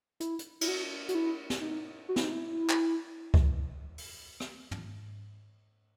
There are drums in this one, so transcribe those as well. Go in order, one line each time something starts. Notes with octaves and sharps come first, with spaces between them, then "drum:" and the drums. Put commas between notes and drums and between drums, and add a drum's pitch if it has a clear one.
E4, drum: hi-hat
drum: hi-hat
E4, drum: cymbal
F#4
F#4, drum: hi-hat
E4
drum: snare
D#4
F#4
E4, drum: snare
D#4
E4
drum: clap
drum: kick C#2
drum: open hi-hat
drum: rim click
drum: tom